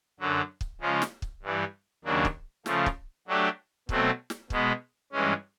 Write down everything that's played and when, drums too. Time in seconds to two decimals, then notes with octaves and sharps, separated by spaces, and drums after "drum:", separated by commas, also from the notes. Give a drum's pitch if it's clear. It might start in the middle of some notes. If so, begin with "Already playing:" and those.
0.20 F#2 D3 F#3
0.61 drum: kick
0.81 C#3 F3 G#3 C#4
1.02 drum: snare
1.22 drum: kick
1.43 G2 E3 G3
2.04 D#2 C#3 F#3 A#3 D4
2.25 drum: kick
2.66 C#3 F3 A3, drum: snare
2.86 drum: kick
3.27 F#3 A3 D4 G4
3.89 B2 F#3 A3 C4, drum: kick
4.30 drum: snare
4.50 B2 G#3 B3, drum: kick
5.12 G2 E3 G#3 C#4